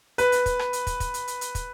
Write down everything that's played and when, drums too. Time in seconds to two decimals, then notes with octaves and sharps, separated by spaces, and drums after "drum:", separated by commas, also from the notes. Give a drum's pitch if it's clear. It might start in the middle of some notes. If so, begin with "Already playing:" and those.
0.18 B4, drum: hi-hat
0.32 drum: hi-hat
0.46 drum: kick, hi-hat
0.59 drum: rim click
0.73 drum: hi-hat
0.87 drum: kick, hi-hat
1.00 drum: kick, hi-hat
1.14 drum: hi-hat
1.28 drum: hi-hat
1.41 drum: hi-hat
1.55 drum: kick, hi-hat